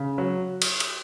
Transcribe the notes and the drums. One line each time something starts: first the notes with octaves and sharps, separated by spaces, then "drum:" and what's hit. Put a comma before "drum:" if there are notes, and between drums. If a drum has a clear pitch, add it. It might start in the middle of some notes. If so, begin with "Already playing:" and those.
Already playing: C#3
F#3
drum: cymbal
drum: cymbal